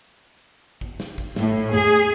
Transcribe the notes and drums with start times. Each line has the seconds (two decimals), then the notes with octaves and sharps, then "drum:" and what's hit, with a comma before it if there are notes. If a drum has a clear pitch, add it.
0.81 drum: kick G#1
1.00 drum: snare
1.18 drum: kick G#1
1.36 A2, drum: snare
1.74 G#4, drum: tom F2